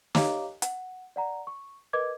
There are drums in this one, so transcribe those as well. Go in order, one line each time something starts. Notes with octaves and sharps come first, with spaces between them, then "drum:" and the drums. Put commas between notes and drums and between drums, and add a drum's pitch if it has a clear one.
G4 C#5 D#5 F5 A#5 D6, drum: snare
F#5, drum: hi-hat
D5 F#5 A#5
C#6
A#4 B4 D#5 D6 G#6